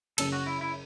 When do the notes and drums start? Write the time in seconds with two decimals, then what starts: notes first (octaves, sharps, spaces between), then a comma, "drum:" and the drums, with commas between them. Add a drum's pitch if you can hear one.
0.18 F#1 F#2 C#3 A4, drum: cymbal
0.32 F#4
0.46 E4
0.61 E4